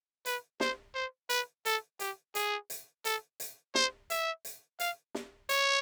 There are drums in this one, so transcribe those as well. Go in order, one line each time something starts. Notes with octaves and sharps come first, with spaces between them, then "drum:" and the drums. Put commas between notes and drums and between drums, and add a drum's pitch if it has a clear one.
B4, drum: hi-hat
C5, drum: snare
C5
B4, drum: hi-hat
A4, drum: hi-hat
G4, drum: hi-hat
G#4, drum: hi-hat
drum: hi-hat
A4, drum: hi-hat
drum: hi-hat
C5, drum: snare
E5, drum: hi-hat
drum: hi-hat
F5, drum: hi-hat
drum: snare
C#5, drum: hi-hat